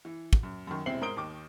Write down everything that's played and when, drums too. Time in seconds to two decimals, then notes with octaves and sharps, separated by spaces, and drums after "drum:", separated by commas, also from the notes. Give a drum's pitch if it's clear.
0.05 E3
0.33 drum: kick
0.43 F#2
0.67 F#2 D#3
0.86 E1 C3 C4 E4 C7 F#7
1.01 G#2 A#4 C5 D#6 D7 G7
1.17 D#2 D#3 D6